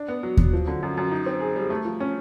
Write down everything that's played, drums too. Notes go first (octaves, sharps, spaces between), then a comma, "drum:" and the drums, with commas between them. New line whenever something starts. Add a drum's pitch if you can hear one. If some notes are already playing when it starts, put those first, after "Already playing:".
Already playing: D4
B3
F#3
F#3, drum: kick D#2
F3
D3
F#2
F#2
D#4
C4
G#4
G3
A3
F3
C#4